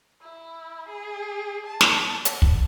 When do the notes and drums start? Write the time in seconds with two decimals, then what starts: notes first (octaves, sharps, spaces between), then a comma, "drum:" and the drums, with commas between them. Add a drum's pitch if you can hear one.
0.21 E4
0.88 G#4
1.66 A5
1.81 drum: snare
2.25 drum: hi-hat
2.42 drum: kick